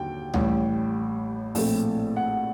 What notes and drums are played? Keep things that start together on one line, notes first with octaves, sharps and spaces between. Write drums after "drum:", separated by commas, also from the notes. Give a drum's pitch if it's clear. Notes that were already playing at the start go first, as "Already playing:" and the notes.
Already playing: D#2 D3 F#3 G5
A1 A2 G3, drum: tom C#2
A#1 A2 A3 C4, drum: open hi-hat
F#5